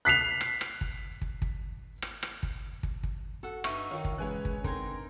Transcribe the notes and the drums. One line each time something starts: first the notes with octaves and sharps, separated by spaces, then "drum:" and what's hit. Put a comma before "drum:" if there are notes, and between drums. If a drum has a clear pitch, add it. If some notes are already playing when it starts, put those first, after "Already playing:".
F#6 B6 C7 F7
drum: rim click
drum: rim click
drum: kick
drum: kick
drum: kick
drum: rim click
drum: rim click
drum: kick
drum: kick
drum: kick
F#4 A4 F#5
G2 D#4 D#5 E5 C#6 D#7, drum: rim click
D#3 F4 C#5
drum: kick
C#3 E3 G#3 C#5 G#5 F#6
drum: kick
D3 C4 D#4 A#4 G#5, drum: kick